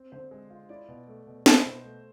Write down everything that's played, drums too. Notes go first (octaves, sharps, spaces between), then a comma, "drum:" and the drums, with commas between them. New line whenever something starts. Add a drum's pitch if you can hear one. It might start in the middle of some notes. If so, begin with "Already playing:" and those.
Already playing: C4
D3 C5
G#3
F4
E4 D5
B2
A3
B2
E4 C5, drum: snare
B2
A3